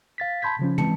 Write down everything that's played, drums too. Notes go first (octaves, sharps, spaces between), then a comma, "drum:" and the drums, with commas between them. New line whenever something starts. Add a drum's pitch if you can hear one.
F5 A6 B6
A5 B5 C6 G6 G#6 B6
C#3 F3 C#4
E3 G#3 C4 A5 C#7, drum: tom